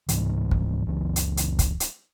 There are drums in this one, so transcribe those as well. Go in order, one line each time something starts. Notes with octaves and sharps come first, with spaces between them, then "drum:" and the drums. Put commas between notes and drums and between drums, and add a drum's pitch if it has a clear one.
C#2 G#2 E3, drum: hi-hat
drum: kick
F#1 C#2 E3
drum: hi-hat
drum: hi-hat
drum: kick, hi-hat
drum: hi-hat